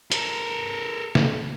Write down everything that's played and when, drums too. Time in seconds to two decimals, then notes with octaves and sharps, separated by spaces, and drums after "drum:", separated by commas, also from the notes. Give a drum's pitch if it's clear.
0.12 A4 A#4, drum: hi-hat
1.15 drum: snare